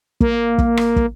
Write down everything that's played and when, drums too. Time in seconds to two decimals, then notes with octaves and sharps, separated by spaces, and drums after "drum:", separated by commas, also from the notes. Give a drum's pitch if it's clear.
0.21 A#3, drum: kick
0.58 drum: kick
0.77 drum: rim click
0.96 drum: kick